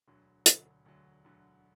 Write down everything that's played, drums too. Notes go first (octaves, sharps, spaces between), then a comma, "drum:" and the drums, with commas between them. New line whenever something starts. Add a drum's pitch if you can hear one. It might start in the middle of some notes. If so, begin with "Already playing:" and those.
E1 D2 D3 F#3
E1 D2 D3 F#3, drum: hi-hat
E1 D2 D3 F#3
E1 D2 D3 F#3